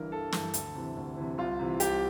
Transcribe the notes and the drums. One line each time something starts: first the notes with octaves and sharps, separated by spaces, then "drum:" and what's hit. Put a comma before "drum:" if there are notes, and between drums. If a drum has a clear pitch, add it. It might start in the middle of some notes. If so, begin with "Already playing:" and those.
Already playing: G1 G2 E3 A#4
G1 A4
G2 E3, drum: snare
D2, drum: hi-hat
C3 E3
D2
C3 E3
C2 F4
C3 E3
C2 G4, drum: hi-hat